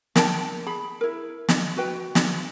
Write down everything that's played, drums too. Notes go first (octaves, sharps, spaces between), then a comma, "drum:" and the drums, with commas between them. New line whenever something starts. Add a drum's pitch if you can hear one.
A#4 G5 A5, drum: snare
G#4 B5
E4 A#4
D#5, drum: snare
F#4 B4 G5
drum: snare